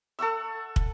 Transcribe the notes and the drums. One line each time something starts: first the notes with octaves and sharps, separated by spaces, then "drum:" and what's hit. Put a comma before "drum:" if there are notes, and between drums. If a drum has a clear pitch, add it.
A4 F#5 C#6 E6
drum: kick